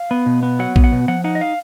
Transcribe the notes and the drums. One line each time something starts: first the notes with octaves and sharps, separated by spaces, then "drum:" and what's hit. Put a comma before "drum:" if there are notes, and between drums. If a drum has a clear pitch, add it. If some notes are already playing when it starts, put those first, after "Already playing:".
Already playing: F5
B3
B2
B3
F#3 F#5
B3, drum: kick
F#5
B2
F3 F#5
D#4 F#5
D#5
F5